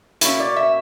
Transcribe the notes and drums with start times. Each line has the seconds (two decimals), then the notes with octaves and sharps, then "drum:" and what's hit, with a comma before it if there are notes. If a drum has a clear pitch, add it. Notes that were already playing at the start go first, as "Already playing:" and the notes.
0.21 B2 A#3 C#4 E4, drum: hi-hat
0.40 D5
0.56 E5